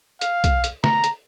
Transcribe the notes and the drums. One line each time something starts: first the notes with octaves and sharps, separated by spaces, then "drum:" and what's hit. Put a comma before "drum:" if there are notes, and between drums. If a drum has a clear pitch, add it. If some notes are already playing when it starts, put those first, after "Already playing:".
F5, drum: hi-hat
drum: kick B1, hi-hat
drum: hi-hat
A#5, drum: snare
drum: hi-hat